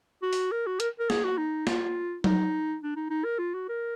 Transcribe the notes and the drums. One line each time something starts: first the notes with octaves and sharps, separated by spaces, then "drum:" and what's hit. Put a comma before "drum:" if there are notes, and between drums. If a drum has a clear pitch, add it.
F#4
drum: open hi-hat
A#4
F#4
A#4, drum: hi-hat
A#4
G#4, drum: snare
F#4
D#4
F4, drum: snare
D#4, drum: tom F#3
D4
D#4
D#4
A#4
F4
F#4
A#4